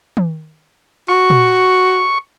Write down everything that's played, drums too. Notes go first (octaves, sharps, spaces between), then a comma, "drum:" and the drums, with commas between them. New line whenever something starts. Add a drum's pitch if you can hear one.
drum: tom
F#4 C#6
drum: tom A#2